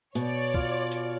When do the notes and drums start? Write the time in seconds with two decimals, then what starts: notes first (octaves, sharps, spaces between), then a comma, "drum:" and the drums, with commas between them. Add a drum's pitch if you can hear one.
0.15 B2 C#5 D5, drum: hi-hat
0.54 F4, drum: kick B1
0.91 drum: hi-hat